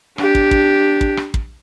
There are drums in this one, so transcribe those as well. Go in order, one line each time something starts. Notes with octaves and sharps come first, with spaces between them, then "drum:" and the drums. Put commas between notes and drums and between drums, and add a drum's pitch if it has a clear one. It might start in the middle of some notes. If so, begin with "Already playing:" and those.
D4 G4, drum: rim click
drum: kick
drum: kick
drum: kick
drum: rim click
drum: kick